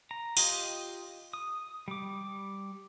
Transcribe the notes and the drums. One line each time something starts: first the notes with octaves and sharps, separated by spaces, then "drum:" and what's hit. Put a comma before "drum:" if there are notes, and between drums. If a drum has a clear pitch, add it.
A#5
F4 G4 D#5, drum: open hi-hat
D#6
G3 D6